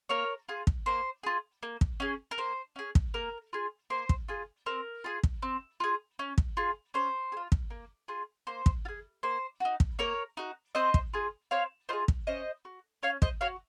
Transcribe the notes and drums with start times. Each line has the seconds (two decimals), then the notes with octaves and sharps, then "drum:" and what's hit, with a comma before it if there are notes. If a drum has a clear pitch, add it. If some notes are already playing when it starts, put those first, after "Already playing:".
0.09 A#3 A#4 C#5
0.49 F4 G#4
0.67 drum: kick
0.86 A#3 C5
1.23 F4 G#4
1.63 A#3
1.81 drum: kick
2.00 C#4 G#4
2.31 A#4
2.38 A#3 C5
2.76 C#4 G#4
2.95 drum: kick
3.14 A#3 A#4
3.53 F4 G#4
3.90 A#3 C5
4.09 drum: kick
4.28 F4 G#4
4.66 C4 A#4
5.04 F4 G#4
5.23 drum: kick
5.42 C4
5.80 F4 G#4
6.19 C#4
6.38 drum: kick
6.57 F4 G#4
6.94 C#4 C5
7.32 G#4
7.37 F4
7.52 drum: kick
7.70 A#3
8.08 F4 G#4
8.47 A#3 C5
8.66 drum: kick
8.85 F4
8.88 G#4
9.23 A#3 C5
9.60 D#4 F#4
9.80 drum: kick
9.99 A#3 A#4 C#5
10.37 D#4 F#4
10.75 C4 C5 D#5
10.94 drum: kick
11.13 F4 G#4
11.51 C4 C#5 F5
11.89 F4 G#4 C5 D#5
12.08 drum: kick
12.27 C#4 C5 D#5
12.65 F#4
13.03 C#4 C#5 F5
13.22 C5 D#5, drum: kick
13.41 F#4 C#5 F5